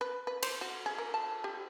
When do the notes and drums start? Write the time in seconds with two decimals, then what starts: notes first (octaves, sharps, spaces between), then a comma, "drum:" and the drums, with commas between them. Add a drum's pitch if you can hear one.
0.01 B4
0.27 B4
0.43 C5, drum: cymbal
0.61 F#4
0.86 G#4
0.98 A#4
1.14 A5
1.44 G4